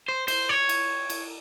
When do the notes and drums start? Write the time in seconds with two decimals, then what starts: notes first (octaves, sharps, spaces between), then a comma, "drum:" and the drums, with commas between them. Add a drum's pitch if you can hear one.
0.08 C5
0.28 C5, drum: cymbal
0.49 C#5
0.69 drum: cymbal
1.10 drum: cymbal